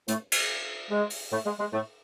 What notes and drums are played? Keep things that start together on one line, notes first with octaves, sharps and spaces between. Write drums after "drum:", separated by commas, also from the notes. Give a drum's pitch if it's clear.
A2 A3, drum: hi-hat
drum: cymbal
G#3
drum: open hi-hat
A2 A3
G#3
G#3
A2 A3